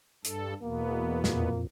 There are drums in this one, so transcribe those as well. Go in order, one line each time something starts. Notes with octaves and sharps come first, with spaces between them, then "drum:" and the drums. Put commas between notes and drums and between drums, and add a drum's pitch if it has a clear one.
G2 A4, drum: hi-hat
E2 B2 A#3 B3
F2 A#2 A#3, drum: snare